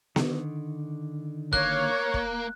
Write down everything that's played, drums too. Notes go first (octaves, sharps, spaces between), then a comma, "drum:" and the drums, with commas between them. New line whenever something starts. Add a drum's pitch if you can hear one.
D3 D#3, drum: snare B3
A#3 C#5 F#6, drum: kick
drum: kick